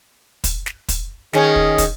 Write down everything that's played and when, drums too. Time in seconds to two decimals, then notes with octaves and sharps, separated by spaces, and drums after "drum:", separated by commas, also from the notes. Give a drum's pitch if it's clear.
0.44 drum: kick, hi-hat
0.66 drum: snare
0.88 drum: kick, hi-hat
1.33 D#3 C#4 G#4, drum: snare
1.56 drum: kick
1.78 drum: kick, hi-hat